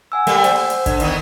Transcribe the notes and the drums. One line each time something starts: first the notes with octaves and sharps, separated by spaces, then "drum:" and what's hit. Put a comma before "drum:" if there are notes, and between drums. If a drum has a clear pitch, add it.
F#5 G#5 E6
G3 A3 A#3, drum: hi-hat
C5, drum: hi-hat
drum: open hi-hat
drum: hi-hat
D3, drum: kick, hi-hat
D#3 E3 B3, drum: hi-hat